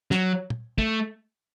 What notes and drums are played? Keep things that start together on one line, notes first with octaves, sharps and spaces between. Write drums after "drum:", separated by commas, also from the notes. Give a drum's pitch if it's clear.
F#3, drum: snare
drum: tom A#2
A3, drum: kick